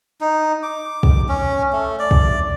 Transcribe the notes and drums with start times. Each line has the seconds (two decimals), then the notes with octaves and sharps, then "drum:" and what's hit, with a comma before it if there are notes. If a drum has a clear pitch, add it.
0.21 D#4
0.63 D6
1.03 drum: kick
1.28 C#4
1.73 A3
1.99 D5
2.11 drum: kick